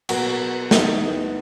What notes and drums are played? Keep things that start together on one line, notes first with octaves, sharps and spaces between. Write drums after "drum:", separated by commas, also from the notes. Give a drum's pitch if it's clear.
B2 F#3 A#3 F#4, drum: cymbal
E3 B3 D#4, drum: snare